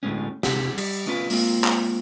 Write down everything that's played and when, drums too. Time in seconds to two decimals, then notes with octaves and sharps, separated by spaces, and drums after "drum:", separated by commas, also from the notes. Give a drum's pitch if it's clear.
0.03 D2 A2 D3 G#3 B3 C#4
0.43 C3 C4 G4, drum: snare
0.78 G3, drum: cymbal
1.06 A3 B3 C#4 F4 A#4 B4
1.30 G#3 A#3 C4 F4, drum: open hi-hat
1.64 drum: clap